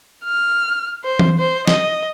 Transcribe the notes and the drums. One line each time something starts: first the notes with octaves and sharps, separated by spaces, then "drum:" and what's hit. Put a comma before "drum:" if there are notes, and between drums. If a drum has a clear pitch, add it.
F6
C5
drum: tom E3
C5
D#5, drum: snare